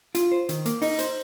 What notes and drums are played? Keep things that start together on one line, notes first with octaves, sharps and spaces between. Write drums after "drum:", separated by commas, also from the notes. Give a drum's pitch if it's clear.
F4, drum: hi-hat
C5
D#3, drum: hi-hat
A#3, drum: hi-hat
D#4, drum: open hi-hat
C5, drum: hi-hat